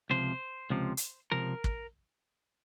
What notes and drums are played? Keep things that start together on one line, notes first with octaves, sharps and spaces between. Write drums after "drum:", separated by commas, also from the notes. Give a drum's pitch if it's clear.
C#2 C3 F3 C5
C#2 C3 F3
drum: hi-hat
C#2 C3 F3 A#4
drum: kick